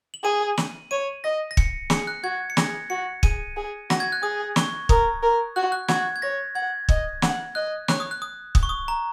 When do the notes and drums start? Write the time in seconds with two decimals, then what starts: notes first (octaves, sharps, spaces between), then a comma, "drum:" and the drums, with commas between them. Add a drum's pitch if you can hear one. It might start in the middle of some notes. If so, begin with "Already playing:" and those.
0.14 F#7
0.24 G#4 D#7
0.58 F#7, drum: snare
0.91 C#5 D#7
1.24 D#5 A#6
1.51 A#6
1.57 C#7, drum: kick
1.90 G#4 C#7, drum: snare
2.07 F#6
2.23 F#4 G#6
2.50 C#7
2.57 G#4 A#6, drum: snare
2.90 F#4 C#7
3.23 G#4 D#7, drum: kick
3.57 G#4
3.90 F#4 A#6, drum: snare
4.00 G#6
4.12 F#6
4.22 G#4 D#6
4.56 C#6, drum: snare
4.89 A#4 D#6, drum: kick
5.23 A#4
5.56 F#4 F#6
5.72 F#6
5.88 F#4 G#6, drum: snare
6.16 G#6
6.22 C#5 A#6
6.55 F#5 G#6
6.89 D#5, drum: kick
7.22 F#5, drum: snare
7.55 D#5 F#6
7.88 C#5 F#6, drum: snare
8.00 D#6
8.11 F#6
8.22 D#6
8.55 D#6, drum: kick
8.63 C#6
8.69 D#6
8.88 A#5